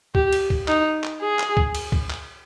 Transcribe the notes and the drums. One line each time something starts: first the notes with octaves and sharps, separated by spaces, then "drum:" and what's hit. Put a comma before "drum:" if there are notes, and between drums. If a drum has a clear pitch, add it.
G4, drum: kick C#2
drum: cymbal
drum: kick C#2
D#4, drum: clap
drum: clap
G#4
drum: clap
drum: kick C#2
drum: cymbal
drum: kick C#2
drum: clap